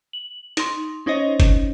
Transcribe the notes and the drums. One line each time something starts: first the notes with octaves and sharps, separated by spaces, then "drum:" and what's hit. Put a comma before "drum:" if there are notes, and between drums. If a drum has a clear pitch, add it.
F#7
D#4 C6, drum: hi-hat
C#4 D#4 C5 C#5 D#5
drum: kick F#1, hi-hat